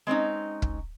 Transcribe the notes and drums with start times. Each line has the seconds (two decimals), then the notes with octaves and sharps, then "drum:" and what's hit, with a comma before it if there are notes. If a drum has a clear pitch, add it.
0.07 G#3 C4 C#4 D#4
0.62 drum: kick